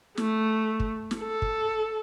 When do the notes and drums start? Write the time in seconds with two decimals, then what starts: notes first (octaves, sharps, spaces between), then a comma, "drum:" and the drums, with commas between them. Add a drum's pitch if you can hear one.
0.17 A3, drum: snare
0.80 drum: kick
1.11 drum: snare
1.20 A4
1.42 drum: kick